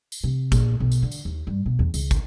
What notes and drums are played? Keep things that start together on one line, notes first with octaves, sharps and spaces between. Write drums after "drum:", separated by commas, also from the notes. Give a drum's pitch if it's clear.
drum: tambourine
C3
A#1, drum: kick, tambourine
B1
drum: tambourine
D3
drum: tambourine
D#2
G2
B2
E2
C#2, drum: tambourine
drum: kick, tambourine